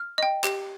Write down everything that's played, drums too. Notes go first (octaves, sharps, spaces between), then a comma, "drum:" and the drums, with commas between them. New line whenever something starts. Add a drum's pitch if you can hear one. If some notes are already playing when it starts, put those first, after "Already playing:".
Already playing: F6
D#5 G5
G4, drum: clap